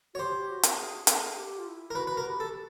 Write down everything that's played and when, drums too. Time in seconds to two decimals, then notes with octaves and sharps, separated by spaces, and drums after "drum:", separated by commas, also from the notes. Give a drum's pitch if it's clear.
0.14 F#4 C#5
0.19 G4 C5
0.49 F#4
0.63 drum: hi-hat
0.78 G#4
1.07 A4, drum: hi-hat
1.16 A#4
1.24 A4
1.36 G4
1.59 F4
1.67 E4
1.91 A#4
1.95 F#4 B4
2.07 B4
2.17 A#4
2.26 G4
2.40 A4